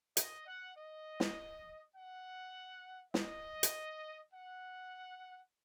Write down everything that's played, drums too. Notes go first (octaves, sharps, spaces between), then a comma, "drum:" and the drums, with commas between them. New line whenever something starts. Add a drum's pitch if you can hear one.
D#5, drum: hi-hat
F#5
D#5
drum: snare
F#5
D#5, drum: snare
drum: hi-hat
F#5